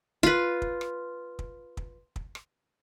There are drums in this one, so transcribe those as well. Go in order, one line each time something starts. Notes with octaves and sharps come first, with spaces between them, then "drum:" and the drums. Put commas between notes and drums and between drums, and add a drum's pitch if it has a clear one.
F4 B4, drum: kick
drum: kick
drum: rim click
drum: kick
drum: kick
drum: kick
drum: rim click